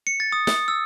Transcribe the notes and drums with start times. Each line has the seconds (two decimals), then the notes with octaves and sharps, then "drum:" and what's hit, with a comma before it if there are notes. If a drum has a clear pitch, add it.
0.07 C#7
0.20 A6
0.32 D#6
0.47 D#6, drum: snare
0.68 E6